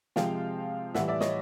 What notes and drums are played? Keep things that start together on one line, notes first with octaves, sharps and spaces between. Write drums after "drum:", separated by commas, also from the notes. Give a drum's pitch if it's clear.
C3 F3 G#3 F5 G5, drum: snare
A2 E3 G3 E5 F#5, drum: snare
D5 E5
C#5 D#5, drum: snare